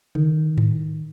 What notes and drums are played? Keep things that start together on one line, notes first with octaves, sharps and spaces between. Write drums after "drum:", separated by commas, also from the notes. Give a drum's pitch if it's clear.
D#3, drum: tom C#3
drum: tom G#2